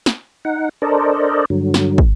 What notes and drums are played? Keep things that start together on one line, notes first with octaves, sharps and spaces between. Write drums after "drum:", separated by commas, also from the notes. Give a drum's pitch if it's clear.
drum: snare
D#4 F#5
D4 A4 A#4 C5 D5 D#5
G2 D3 F#3
drum: snare
drum: kick